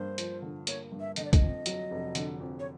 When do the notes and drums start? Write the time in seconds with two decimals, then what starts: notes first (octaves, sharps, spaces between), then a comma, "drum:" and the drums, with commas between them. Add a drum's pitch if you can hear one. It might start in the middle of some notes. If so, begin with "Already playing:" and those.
Already playing: G2 A#3 C5
0.18 F3, drum: hi-hat
0.42 D3
0.67 A#3 C#5, drum: hi-hat
0.92 G2
1.00 E5
1.16 D3 D#5, drum: hi-hat
1.25 D5
1.33 D#5, drum: kick, hi-hat
1.41 F2
1.66 F#3, drum: hi-hat
1.91 F1
2.15 D3, drum: hi-hat
2.40 F2
2.60 C#5